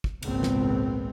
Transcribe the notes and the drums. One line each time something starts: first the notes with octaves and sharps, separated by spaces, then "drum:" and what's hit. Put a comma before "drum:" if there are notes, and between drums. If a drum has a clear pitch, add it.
drum: kick
G#1 C#2 A#2 B3 C4, drum: cymbal
drum: snare